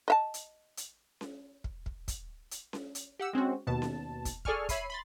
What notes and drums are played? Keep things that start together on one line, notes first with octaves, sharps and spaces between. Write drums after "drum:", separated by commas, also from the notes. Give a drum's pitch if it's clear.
D#5 E5 A5
drum: hi-hat
drum: hi-hat
drum: snare C#4
drum: kick
drum: kick
drum: kick, hi-hat
drum: hi-hat
drum: snare C#4
drum: hi-hat
G4 F#5 E6
G#3 C4 C#4 F#4
D#2 B2 A5
drum: snare C#4
drum: kick, hi-hat
G#4 A4 D5 G#5 C#6 F6, drum: kick
C#5 E5 B5 C7 D#7, drum: kick, hi-hat
B5 C6 A6